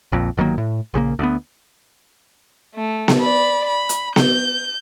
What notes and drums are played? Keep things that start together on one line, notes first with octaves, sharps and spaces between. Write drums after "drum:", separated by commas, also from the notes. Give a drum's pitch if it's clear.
A#1 F2 A#2
G1 D#3 F#3 A#3
A2
A#1 C#3 E3 A#3
D2 B3
A3
drum: snare B3
D5 B5
B5
drum: hi-hat
G6, drum: snare B3